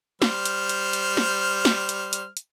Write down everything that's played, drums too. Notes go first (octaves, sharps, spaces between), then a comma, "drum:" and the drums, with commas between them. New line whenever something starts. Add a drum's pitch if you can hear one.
G3 C5 F6, drum: snare
drum: hi-hat
drum: hi-hat
drum: hi-hat
drum: snare
drum: snare
drum: hi-hat
drum: hi-hat
drum: hi-hat